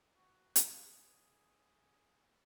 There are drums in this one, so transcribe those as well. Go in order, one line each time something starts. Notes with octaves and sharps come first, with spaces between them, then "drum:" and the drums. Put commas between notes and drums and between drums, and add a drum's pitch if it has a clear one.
F#4
G#4, drum: hi-hat